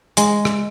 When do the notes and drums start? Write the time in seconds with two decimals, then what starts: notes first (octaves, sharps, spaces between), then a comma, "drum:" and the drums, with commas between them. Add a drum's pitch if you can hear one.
0.17 G#3, drum: hi-hat
0.45 drum: rim click